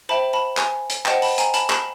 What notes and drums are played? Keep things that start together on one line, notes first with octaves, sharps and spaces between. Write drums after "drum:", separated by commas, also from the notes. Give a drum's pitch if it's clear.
C5 E5 G5 A5 B5
A5 B5
G#5, drum: clap
drum: hi-hat
C5 D#5 F#5 G5 A5, drum: clap
A5 B5, drum: open hi-hat
G#5 A#5, drum: hi-hat
A5 B5, drum: hi-hat
A5 B5, drum: clap